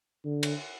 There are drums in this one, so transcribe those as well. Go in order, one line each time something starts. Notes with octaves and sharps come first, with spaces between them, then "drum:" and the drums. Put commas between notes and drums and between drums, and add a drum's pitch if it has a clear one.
D3
drum: cymbal